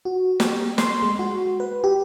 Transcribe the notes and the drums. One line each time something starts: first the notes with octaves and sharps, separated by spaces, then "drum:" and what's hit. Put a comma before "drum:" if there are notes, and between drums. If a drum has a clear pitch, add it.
F#4
G4, drum: snare
C6, drum: snare
G#3
F#4
B4
G4